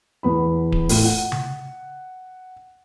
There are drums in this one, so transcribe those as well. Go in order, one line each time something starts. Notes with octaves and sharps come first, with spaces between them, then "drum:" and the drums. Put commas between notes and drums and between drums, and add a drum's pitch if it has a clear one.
E2 B3 B5
drum: kick D1
A2 F4, drum: open hi-hat
F#5
drum: tom C#3